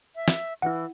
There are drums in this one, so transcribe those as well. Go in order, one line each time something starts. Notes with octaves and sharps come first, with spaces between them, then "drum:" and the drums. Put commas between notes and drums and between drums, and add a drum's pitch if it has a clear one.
E5
drum: snare
E3 E4 F#5